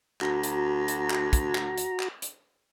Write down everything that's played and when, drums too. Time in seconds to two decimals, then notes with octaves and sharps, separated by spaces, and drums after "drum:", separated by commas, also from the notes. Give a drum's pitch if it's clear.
0.21 D2 F#4 A#5, drum: clap
0.43 drum: hi-hat
0.88 drum: hi-hat
1.11 drum: clap
1.33 drum: kick, hi-hat
1.55 drum: clap
1.78 drum: hi-hat
2.00 drum: clap
2.22 drum: hi-hat